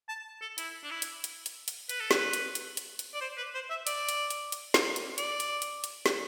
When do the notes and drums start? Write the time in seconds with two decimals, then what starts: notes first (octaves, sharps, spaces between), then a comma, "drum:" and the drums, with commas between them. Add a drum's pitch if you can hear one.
0.09 A5
0.42 A4
0.58 E4, drum: hi-hat
0.84 D4
0.91 E4
1.02 drum: hi-hat
1.24 drum: hi-hat
1.46 drum: hi-hat
1.68 drum: hi-hat
1.89 B4, drum: hi-hat
2.00 A4
2.11 B4, drum: snare
2.33 drum: hi-hat
2.55 drum: hi-hat
2.77 drum: hi-hat
2.99 drum: hi-hat
3.14 D5
3.21 C5
3.37 B4
3.54 C5
3.70 E5
3.87 D5, drum: hi-hat
4.09 drum: hi-hat
4.30 drum: hi-hat
4.52 drum: hi-hat
4.74 drum: snare
4.96 drum: hi-hat
5.18 D5, drum: hi-hat
5.40 drum: hi-hat
5.62 drum: hi-hat
5.84 drum: hi-hat
6.06 drum: snare